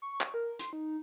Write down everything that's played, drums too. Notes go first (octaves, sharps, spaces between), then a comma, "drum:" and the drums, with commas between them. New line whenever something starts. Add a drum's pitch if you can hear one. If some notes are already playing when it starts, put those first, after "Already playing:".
C#6
drum: clap
A#4
C6, drum: hi-hat
D#4